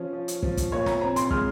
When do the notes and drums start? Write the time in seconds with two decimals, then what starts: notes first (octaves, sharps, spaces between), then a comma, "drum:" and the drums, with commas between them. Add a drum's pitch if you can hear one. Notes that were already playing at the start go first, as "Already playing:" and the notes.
Already playing: F3 C#4
0.13 F3
0.28 drum: hi-hat
0.43 F3, drum: kick
0.57 drum: kick, hi-hat
0.72 A#2 C#5
0.86 A#5, drum: snare
1.01 C4 A#5
1.16 C6, drum: hi-hat
1.31 G#3 F6, drum: kick